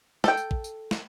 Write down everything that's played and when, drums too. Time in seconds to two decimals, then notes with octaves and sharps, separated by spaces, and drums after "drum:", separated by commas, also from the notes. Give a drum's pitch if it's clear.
0.24 A4 G5, drum: snare
0.37 drum: tambourine
0.51 drum: kick
0.64 drum: tambourine
0.91 drum: snare